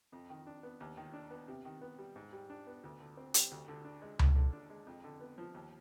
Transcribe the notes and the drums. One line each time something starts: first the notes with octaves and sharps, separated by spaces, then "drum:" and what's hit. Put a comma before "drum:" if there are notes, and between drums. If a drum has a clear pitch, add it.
F2
D#3
D4
B3
D#2
D#3
D4
B3
C3
D#3
B3
G3
G#2
G3
D4
B3
D2
D3
C4
G3, drum: hi-hat
D2
D3
D4
G#3
D#2, drum: tom C#2
D3
D4
G#3
F2
D3
B3
F3
D#2